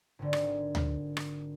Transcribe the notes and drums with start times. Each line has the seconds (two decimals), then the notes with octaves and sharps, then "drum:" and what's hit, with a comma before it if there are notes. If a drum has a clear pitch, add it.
0.19 G#1 D3
0.33 drum: rim click
0.75 drum: tom D2
1.17 drum: rim click